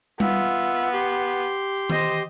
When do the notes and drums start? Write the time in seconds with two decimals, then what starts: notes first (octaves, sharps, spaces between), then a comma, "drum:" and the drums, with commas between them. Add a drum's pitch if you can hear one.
0.20 B3 F4 E5, drum: tom G3
0.93 G4 C6
1.90 C5 D#5, drum: tom D#3